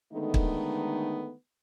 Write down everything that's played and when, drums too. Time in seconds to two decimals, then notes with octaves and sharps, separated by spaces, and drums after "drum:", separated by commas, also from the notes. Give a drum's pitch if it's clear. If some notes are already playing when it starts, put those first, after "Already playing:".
0.13 D3 D#3 G#3 A3 B3 D#4
0.34 drum: kick